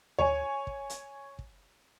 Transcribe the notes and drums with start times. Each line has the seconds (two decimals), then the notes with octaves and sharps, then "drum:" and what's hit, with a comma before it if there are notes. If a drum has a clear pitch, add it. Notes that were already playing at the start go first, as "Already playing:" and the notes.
0.19 C#5 G#5, drum: tom D2
0.67 drum: kick
0.90 drum: hi-hat
1.39 drum: kick